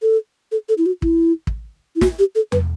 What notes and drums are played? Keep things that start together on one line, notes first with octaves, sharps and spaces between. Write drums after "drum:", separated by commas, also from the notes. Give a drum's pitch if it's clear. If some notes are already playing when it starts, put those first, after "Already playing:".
A4
A4
A4
E4
F#4
E4, drum: kick
drum: kick
E4
F#4, drum: snare
G4
A4
B4, drum: tom E2